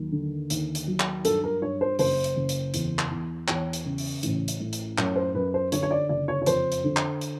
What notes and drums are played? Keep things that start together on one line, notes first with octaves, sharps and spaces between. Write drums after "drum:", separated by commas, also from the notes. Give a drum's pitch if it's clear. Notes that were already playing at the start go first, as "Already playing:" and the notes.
Already playing: D#2 F#3
D3
D#2, drum: hi-hat
drum: hi-hat
F#3
drum: clap
G2 A4, drum: hi-hat
A#4
G2 C#5
C5
F#1 C5, drum: open hi-hat
drum: hi-hat
F#1
drum: hi-hat
E2, drum: hi-hat
drum: clap
E2
E2 C#5, drum: clap
drum: hi-hat
C#3
drum: open hi-hat
A1, drum: hi-hat
drum: hi-hat
A2
drum: hi-hat
F#2 C#5, drum: clap
C5
F#2 B4
C5
D3 C#5, drum: hi-hat
C#5
D5
F#1 D5
C#5
C#5
F2 C5, drum: hi-hat
drum: hi-hat
D3
drum: clap
drum: hi-hat